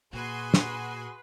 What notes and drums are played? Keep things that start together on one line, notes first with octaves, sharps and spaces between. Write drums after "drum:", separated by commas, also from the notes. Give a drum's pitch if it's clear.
A#2 F#4 G#4 B4 G#5 C6
drum: snare